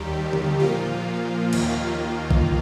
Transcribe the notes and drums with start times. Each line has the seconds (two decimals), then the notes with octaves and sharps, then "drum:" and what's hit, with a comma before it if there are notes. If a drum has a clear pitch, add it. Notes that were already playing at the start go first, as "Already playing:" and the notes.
Already playing: D#2 D#3 G3 G4
0.33 drum: tom D3
0.59 A#2 F3 A#3 F4
1.53 D#2 D#3 A#3, drum: cymbal
2.31 drum: kick